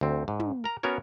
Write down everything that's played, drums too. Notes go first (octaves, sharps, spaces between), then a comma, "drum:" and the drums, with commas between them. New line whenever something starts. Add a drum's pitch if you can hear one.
D2 C4
G#2
drum: tom
A#4 A#5
B3 C#4 F#4 A#4 C#5